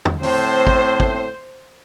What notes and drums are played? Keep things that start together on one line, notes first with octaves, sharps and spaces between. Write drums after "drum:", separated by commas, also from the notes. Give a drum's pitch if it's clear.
drum: tom
A2 A3 C4 C5, drum: open hi-hat
drum: kick
drum: kick